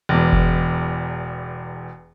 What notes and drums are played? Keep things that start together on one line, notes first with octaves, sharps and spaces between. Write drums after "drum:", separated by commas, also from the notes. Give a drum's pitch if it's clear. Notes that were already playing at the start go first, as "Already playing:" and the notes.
E1 E2
drum: kick F#1